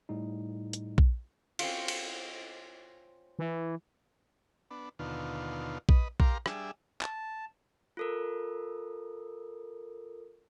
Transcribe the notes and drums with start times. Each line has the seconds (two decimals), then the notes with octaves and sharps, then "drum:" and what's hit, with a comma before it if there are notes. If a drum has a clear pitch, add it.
0.09 A2 G3 D#4
0.73 drum: hi-hat
0.98 drum: kick A#1
1.59 C4 C#4 F4, drum: cymbal
1.88 drum: cymbal
3.39 E3
4.71 B3 D4
4.99 D#2 B2 D3 F4
5.89 B4 D#5, drum: kick A#1
6.20 G4 A#4 F5 A#5 C6 D6, drum: kick A#1
6.46 G3 D4 G#4 E5, drum: rim click
7.01 A5, drum: clap
7.97 F4 A4 A#4